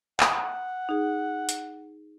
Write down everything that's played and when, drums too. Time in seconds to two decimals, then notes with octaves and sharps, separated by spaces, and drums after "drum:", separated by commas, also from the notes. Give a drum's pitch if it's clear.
0.20 F#5 D#6, drum: clap
0.89 D#4 G#4
1.49 drum: hi-hat